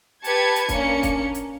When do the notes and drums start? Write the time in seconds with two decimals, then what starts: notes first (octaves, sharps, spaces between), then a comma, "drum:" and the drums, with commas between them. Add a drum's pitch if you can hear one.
0.24 G4 B4 A5 G#6 C#7, drum: hi-hat
0.56 drum: hi-hat
0.69 A#3 C#4 D4 C#7, drum: kick, hi-hat
1.03 drum: kick, hi-hat
1.35 drum: hi-hat